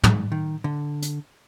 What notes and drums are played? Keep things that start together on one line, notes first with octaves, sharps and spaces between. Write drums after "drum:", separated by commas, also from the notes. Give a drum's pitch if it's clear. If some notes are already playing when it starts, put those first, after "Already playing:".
G#2, drum: tom
D#3
D3
drum: hi-hat